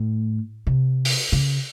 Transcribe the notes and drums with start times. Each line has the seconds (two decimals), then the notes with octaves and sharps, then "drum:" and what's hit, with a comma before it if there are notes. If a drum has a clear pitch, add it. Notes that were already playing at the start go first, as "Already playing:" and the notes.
Already playing: A2
0.67 C3
1.05 drum: open hi-hat
1.32 C#3